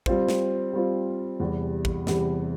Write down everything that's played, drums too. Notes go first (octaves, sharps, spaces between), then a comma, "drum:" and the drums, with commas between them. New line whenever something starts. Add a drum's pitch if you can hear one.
G3 C4 F4 C5, drum: kick
drum: snare
G3 C4 F4 C5
E2 C3 G3
drum: kick
E2 C3 G3, drum: snare